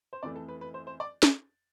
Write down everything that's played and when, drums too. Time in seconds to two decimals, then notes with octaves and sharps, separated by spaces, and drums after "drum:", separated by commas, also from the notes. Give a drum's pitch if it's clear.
0.13 C5
0.23 F2 E3 A3 D5
0.36 A4
0.49 B4
0.61 B4
0.74 C5
0.87 C5
1.00 D5
1.23 drum: snare